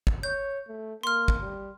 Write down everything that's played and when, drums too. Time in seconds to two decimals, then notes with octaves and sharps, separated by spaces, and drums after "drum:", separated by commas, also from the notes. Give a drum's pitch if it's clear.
0.07 drum: kick
0.23 C#5 G6
0.68 A3
1.03 A#3 C6 F6
1.28 drum: kick
1.41 G3